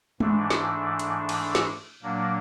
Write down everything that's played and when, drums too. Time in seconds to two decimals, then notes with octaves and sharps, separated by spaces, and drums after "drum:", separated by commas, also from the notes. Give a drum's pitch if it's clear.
0.20 G#2 E3 A3 D4, drum: tom G#3
0.50 drum: snare
0.99 drum: hi-hat
1.29 drum: cymbal
1.55 drum: snare
2.03 A#2 F#3 A#3 D4